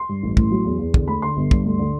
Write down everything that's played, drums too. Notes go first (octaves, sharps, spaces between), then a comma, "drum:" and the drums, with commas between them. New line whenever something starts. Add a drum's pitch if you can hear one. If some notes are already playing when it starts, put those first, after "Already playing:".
Already playing: C6
G2
A1
A2, drum: kick
F#3
E2
E2
D3, drum: kick
D2 B5
D3 C6
G1
G2, drum: kick
D2
D3